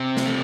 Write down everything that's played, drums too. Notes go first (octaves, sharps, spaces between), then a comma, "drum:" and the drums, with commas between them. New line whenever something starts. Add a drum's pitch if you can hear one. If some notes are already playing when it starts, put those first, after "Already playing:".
Already playing: C3 C4
drum: snare
A3